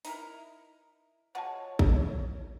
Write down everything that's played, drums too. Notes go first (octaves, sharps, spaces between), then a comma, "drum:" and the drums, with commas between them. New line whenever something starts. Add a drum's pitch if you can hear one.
D#4 E4 A#4, drum: open hi-hat
G#3 F4 F#4 C#5 F#5 A5
drum: kick A1